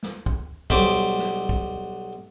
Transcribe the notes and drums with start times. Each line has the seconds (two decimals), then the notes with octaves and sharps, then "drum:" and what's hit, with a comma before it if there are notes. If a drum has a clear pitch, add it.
0.03 drum: snare
0.26 drum: kick
0.70 B1 G3 C5 D6, drum: kick
1.19 drum: snare
1.49 drum: kick